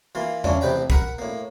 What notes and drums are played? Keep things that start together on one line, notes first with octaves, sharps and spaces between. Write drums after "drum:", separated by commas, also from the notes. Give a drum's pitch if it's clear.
E3 A#3 F4
E3 C#4 D4 F4, drum: tom E2
A1 C3 B4 G5 A#5
A#4 F#5 A#5 B5, drum: kick
A2 A#3